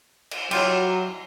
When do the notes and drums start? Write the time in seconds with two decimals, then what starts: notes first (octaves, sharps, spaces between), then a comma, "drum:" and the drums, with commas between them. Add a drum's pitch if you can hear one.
0.31 drum: cymbal
0.51 F#3 E4 F4 G4, drum: cymbal